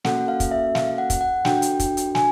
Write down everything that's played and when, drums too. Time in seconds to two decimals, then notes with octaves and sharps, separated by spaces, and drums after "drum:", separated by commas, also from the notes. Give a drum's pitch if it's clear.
0.04 A#3 C#4 F#4 A4 F#5, drum: snare
0.28 F5
0.40 drum: kick, hi-hat
0.51 E5
0.75 F5, drum: snare
0.98 F#5
1.10 drum: kick, hi-hat
1.21 F#5
1.45 D4 F#4 A4 G5, drum: snare
1.62 drum: hi-hat
1.80 drum: kick, hi-hat
1.97 drum: hi-hat
2.15 G#5, drum: snare